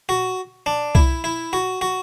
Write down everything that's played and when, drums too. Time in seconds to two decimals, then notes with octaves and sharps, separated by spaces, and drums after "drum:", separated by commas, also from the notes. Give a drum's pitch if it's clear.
0.09 F#4
0.66 D4
0.95 E4, drum: kick C2
1.24 E4
1.53 F#4
1.81 F#4